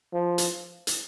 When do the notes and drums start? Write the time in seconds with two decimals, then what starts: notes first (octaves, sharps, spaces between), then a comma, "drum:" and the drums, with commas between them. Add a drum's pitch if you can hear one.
0.13 F3
0.38 drum: hi-hat
0.87 drum: hi-hat